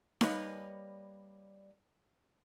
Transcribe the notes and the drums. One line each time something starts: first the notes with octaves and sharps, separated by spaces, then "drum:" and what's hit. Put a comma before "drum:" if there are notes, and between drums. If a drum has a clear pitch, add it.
G3 A#3 B4 C#5 D#5, drum: snare D#4